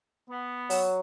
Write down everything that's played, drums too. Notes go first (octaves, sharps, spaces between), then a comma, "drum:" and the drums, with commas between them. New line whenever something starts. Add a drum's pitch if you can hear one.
B3
F#3, drum: open hi-hat